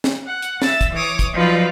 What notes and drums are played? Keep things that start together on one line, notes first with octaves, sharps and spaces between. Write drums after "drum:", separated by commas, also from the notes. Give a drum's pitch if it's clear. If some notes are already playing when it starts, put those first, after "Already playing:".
drum: snare
F#5
drum: hi-hat
E5 E6 A6, drum: snare
drum: kick, hi-hat
E3 C#5 D6 D#6
drum: kick, hi-hat
F3 F#3 D#4 F4 B4 D5